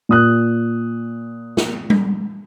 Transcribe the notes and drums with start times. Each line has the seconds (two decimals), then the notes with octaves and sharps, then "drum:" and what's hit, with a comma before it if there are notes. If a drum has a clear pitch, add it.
0.09 A#2 D#6 F#6
1.57 drum: snare
1.90 drum: tom G3